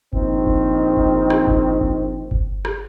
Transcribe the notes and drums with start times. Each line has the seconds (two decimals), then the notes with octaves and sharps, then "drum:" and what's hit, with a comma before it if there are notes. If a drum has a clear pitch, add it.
0.13 A#1 D#3 C4, drum: kick G1
0.46 drum: kick G1
0.97 drum: kick G1
1.30 drum: rim click
1.47 drum: kick G1
1.81 drum: kick G1
2.31 drum: kick G1
2.65 drum: rim click